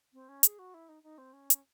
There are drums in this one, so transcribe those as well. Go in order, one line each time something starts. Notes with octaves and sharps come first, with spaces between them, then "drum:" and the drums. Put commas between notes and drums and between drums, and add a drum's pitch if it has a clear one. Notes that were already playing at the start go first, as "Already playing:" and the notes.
C4
C#4
G#4, drum: hi-hat
F#4
E4
D#4
D#4
C4
C#4
drum: hi-hat